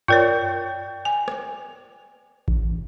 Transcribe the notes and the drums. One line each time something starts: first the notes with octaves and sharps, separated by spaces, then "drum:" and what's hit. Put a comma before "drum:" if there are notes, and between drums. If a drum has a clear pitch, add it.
F4 A#4 C#5 D5 G5 G6, drum: tom F#2
G#5
drum: rim click
drum: kick A1